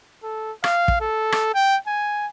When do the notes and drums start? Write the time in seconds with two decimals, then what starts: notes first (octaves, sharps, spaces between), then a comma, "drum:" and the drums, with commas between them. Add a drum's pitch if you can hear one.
0.23 A4
0.64 F5, drum: rim click
0.88 drum: kick
1.01 A4
1.32 drum: rim click
1.54 G5
1.87 G#5